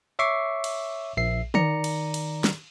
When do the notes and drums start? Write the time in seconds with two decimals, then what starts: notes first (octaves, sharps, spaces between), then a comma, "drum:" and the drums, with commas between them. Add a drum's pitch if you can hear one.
0.19 C#5 E5 C#6 D6 C7
0.64 drum: cymbal
1.17 A#1 E5 C7
1.54 D#3 D5 A#5 C#7, drum: tom
1.84 drum: cymbal
2.14 drum: cymbal
2.44 drum: snare